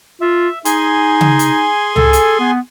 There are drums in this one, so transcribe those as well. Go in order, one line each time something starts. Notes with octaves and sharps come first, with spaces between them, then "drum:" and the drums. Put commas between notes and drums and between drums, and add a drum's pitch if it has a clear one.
F4 E5
D#4 G#4 G#5 C6, drum: hi-hat
drum: tom C#3
drum: hi-hat
A4, drum: tom C#2
drum: hi-hat
B3